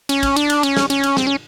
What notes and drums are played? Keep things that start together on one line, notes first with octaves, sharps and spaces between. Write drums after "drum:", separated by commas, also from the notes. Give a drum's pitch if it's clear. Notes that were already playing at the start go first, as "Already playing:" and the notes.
C#4, drum: cymbal
drum: kick, cymbal
D4, drum: cymbal
drum: cymbal
C#4, drum: cymbal
drum: snare
C#4, drum: cymbal
drum: cymbal
C4, drum: snare
C#4